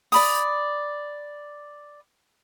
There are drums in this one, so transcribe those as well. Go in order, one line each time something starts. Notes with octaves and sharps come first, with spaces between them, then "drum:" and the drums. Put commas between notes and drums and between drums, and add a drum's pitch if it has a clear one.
D5 B5 D#6, drum: open hi-hat